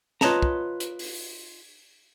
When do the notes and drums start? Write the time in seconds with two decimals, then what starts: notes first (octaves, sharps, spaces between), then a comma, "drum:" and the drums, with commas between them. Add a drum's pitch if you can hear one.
0.21 F4 B4 C#5 D#5 A5 A#5, drum: snare
0.43 drum: kick
0.80 drum: hi-hat
0.99 drum: open hi-hat